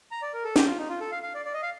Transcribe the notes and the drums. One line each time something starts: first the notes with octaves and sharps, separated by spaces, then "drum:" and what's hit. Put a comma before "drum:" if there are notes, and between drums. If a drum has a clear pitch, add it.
A#5
D5
A#4
A4
G4, drum: snare
F4
D#4
F4
A4
F5
F5
D5
D5
D#5
F5